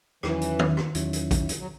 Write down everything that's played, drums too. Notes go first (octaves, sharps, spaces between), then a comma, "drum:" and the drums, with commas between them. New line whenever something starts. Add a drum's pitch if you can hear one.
E2 D#3 E3 F#3 C#4 E4, drum: rim click
drum: hi-hat
drum: tom D#3
drum: rim click
E2 D#3 F#3 C#4 E4, drum: hi-hat
drum: hi-hat
drum: kick, hi-hat
drum: hi-hat
F#3